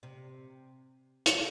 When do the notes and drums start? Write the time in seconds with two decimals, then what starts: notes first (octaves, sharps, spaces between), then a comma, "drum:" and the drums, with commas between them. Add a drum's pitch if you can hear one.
0.03 C3
1.26 C3, drum: hi-hat